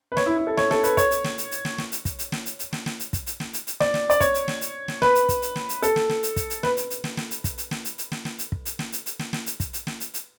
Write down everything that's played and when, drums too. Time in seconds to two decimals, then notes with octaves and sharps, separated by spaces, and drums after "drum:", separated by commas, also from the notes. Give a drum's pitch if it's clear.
0.12 B4
0.17 C#5, drum: snare
0.26 E4
0.37 E4
0.47 A4
0.57 C#5, drum: snare
0.71 A4, drum: snare
0.83 B4, drum: hi-hat
0.97 C#5, drum: kick, hi-hat
1.11 drum: hi-hat
1.24 drum: snare
1.38 drum: hi-hat
1.51 drum: hi-hat
1.65 drum: snare
1.78 drum: snare
1.92 drum: hi-hat
2.05 drum: kick, hi-hat
2.19 drum: hi-hat
2.32 drum: snare
2.46 drum: hi-hat
2.59 drum: hi-hat
2.73 drum: snare
2.86 drum: snare
3.00 drum: hi-hat
3.13 drum: kick, hi-hat
3.26 drum: hi-hat
3.40 drum: snare
3.53 drum: hi-hat
3.67 drum: hi-hat
3.80 D5, drum: snare
3.94 drum: snare
4.10 D5, drum: hi-hat
4.20 C#5, drum: kick, hi-hat
4.34 drum: hi-hat
4.48 drum: snare
4.61 drum: hi-hat
4.88 drum: snare
5.02 B4, drum: snare
5.15 drum: hi-hat
5.29 drum: kick, hi-hat
5.42 drum: hi-hat
5.56 drum: snare
5.69 drum: hi-hat
5.83 A4, drum: hi-hat
5.96 drum: snare
6.09 drum: snare
6.23 drum: hi-hat
6.36 drum: kick, hi-hat
6.50 drum: hi-hat
6.63 B4, drum: snare
6.77 drum: hi-hat
6.90 drum: hi-hat
7.04 drum: snare
7.17 drum: snare
7.31 drum: hi-hat
7.44 drum: kick, hi-hat
7.58 drum: hi-hat
7.71 drum: snare
7.85 drum: hi-hat
7.98 drum: hi-hat
8.12 drum: snare
8.25 drum: snare
8.39 drum: hi-hat
8.52 drum: kick
8.65 drum: hi-hat
8.79 drum: snare
8.92 drum: hi-hat
9.06 drum: hi-hat
9.19 drum: snare
9.33 drum: snare
9.46 drum: hi-hat
9.60 drum: kick, hi-hat
9.73 drum: hi-hat
9.87 drum: snare
10.00 drum: hi-hat
10.14 drum: hi-hat